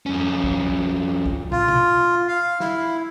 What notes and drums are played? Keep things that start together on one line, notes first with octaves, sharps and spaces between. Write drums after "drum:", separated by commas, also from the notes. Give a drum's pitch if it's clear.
F2 C#4
drum: kick
drum: kick
F4, drum: tom
drum: tom B2
F5
E4, drum: snare